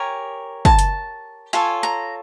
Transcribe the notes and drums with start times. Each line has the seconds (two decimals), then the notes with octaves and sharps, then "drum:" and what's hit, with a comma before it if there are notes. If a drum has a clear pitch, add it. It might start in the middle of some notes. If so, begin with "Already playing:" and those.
Already playing: G4 A#4 C#5 G#5
0.65 A5, drum: kick
0.79 drum: hi-hat
1.53 F4 A4 C#5 G#5
1.83 A#5